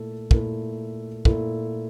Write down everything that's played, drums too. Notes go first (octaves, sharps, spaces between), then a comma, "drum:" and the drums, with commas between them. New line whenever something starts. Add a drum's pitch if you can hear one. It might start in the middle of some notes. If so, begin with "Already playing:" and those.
Already playing: A#2 A3 E4 A4
A#2 A3 E4 A4, drum: kick
A#2 A3 E4 A4, drum: kick